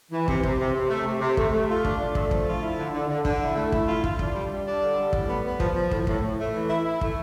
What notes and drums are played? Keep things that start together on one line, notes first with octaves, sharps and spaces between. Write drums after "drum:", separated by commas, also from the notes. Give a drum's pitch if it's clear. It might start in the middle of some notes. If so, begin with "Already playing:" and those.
E3
C3, drum: kick
C3, drum: kick
C3
C3
A3
C3
C3
A3, drum: kick
A3
F4
D4, drum: kick
D4
A3, drum: kick
F3, drum: kick
F4
E4
D3
D3
D3
D3, drum: kick
E4
A3
E4, drum: kick
F4
F4, drum: kick
D4, drum: kick
G3
G3
D4
D3
G3
A2, drum: kick
B3
B3
F3, drum: kick
F3
A2, drum: kick
A2, drum: kick
A2
A3
E3
E4
E4
A3, drum: kick